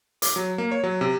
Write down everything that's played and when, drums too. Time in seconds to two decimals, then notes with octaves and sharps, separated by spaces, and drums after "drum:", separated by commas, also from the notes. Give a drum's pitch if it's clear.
0.22 D6, drum: hi-hat
0.36 F#3
0.58 A#3
0.71 C#5
0.84 F#3
1.01 C3